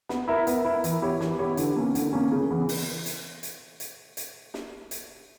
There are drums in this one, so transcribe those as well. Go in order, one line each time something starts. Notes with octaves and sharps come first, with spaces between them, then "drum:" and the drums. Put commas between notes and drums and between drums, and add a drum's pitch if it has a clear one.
B3, drum: snare
E4 A#4 E5
B3, drum: hi-hat
E4 A#4 E5
E3, drum: hi-hat
B3 E4 G4 C#5
E3, drum: snare
B3 E4 G4 C#5
D3, drum: hi-hat
A#3 C#4
D3, drum: hi-hat
A#3 C#4
C#3
E3 B3
drum: open hi-hat
drum: hi-hat
drum: hi-hat
drum: hi-hat
drum: hi-hat
drum: snare
drum: hi-hat